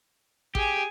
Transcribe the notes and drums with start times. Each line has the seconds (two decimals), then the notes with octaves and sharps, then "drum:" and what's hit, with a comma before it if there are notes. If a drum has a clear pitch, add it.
0.55 G4 G#4 G#5, drum: kick A1